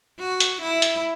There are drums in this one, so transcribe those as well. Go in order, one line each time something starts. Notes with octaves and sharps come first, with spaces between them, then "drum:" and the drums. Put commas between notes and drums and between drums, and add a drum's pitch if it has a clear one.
F#4
drum: hi-hat
E4
drum: hi-hat